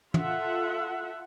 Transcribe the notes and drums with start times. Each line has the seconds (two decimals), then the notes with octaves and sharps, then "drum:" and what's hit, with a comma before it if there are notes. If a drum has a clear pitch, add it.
0.14 F4 A4 E5 F#5, drum: tom